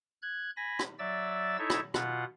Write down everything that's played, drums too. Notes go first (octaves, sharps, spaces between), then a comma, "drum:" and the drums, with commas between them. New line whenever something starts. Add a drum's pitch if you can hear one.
F#6 G#6
G#5 B5 A#6
drum: rim click
F#3 D5 E5 E6 A6
D#4 E4 A4 C#5 E5
drum: rim click
B2 F4 F#5, drum: rim click